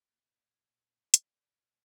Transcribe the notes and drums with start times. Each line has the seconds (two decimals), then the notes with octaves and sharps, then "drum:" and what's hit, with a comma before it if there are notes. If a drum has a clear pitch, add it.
0.09 A#2
0.18 C3
0.27 A#2
1.00 G#2
1.04 A#2
1.14 drum: hi-hat